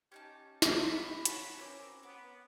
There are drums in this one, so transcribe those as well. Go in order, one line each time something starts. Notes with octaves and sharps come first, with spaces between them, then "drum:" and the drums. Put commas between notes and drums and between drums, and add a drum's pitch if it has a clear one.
C#4 D#4 G4 A5
F#3 B5, drum: snare
F#4 A#4 C#5, drum: hi-hat
C4 C#4 A#4 D6
B3 D6